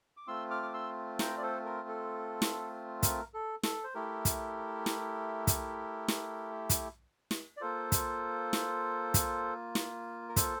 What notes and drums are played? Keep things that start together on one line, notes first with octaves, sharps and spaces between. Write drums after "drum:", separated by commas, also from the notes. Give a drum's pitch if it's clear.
D6
A3 C4 F4 C6 E6
D6 F6
D6
C6 E6
G5 A#5, drum: snare
D5
A4 C5
A#4
A4
drum: snare
A#4, drum: kick, hi-hat
A4
A4, drum: snare
C5
A3 E4 G4 A#4
drum: kick, hi-hat
drum: snare
drum: kick, hi-hat
drum: snare
drum: kick, hi-hat
drum: snare
D5
A#3 F4 A4 C5
drum: kick, hi-hat
drum: snare
drum: kick, hi-hat
drum: snare
A#4
A4 C5, drum: kick, hi-hat